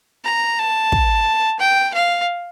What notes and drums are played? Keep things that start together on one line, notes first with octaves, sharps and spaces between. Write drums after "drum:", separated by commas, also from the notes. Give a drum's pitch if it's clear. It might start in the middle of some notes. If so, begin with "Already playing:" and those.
A#5
A5
drum: kick
G5
F5